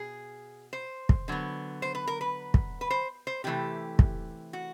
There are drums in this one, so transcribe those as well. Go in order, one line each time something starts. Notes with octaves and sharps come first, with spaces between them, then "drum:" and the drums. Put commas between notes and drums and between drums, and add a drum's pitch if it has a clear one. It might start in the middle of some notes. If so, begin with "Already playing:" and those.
Already playing: B2 G#4
C5
drum: kick
D3 F#3 B3
C5
B4
A#4
B4
drum: kick
B4
C5
C5
C3 E3 A3 G4
drum: kick
F#4